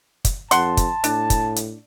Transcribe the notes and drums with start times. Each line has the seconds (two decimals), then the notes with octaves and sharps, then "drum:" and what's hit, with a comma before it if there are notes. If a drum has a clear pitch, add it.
0.25 drum: kick, hi-hat
0.51 F2 F#5 A5 C6, drum: hi-hat
0.77 drum: kick, hi-hat
1.04 A2 D4, drum: hi-hat
1.30 drum: kick, hi-hat
1.56 drum: hi-hat